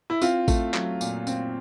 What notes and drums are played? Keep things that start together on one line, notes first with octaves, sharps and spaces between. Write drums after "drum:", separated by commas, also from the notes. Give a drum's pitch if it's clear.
E4
C4 F4, drum: tambourine
A3, drum: kick A1, tambourine
F#3, drum: clap
A#2, drum: tambourine
C4, drum: tambourine